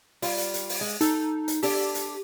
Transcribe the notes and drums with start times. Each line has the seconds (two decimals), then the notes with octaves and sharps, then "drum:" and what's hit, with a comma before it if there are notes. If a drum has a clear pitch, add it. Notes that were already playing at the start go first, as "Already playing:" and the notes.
0.22 G3 F4, drum: open hi-hat
0.38 drum: hi-hat
0.54 drum: hi-hat
0.69 drum: open hi-hat
0.81 G#3
1.01 D#4 A4, drum: hi-hat
1.48 drum: hi-hat
1.63 D4 G4 A4, drum: open hi-hat
1.95 drum: hi-hat